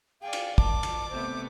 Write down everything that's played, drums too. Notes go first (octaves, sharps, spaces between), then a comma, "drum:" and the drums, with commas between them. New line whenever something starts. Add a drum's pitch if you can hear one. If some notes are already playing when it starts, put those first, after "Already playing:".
G#4 D5 F5 G5
drum: cymbal
D#3 A5 D6, drum: kick
drum: cymbal
C3 A3 B3 C5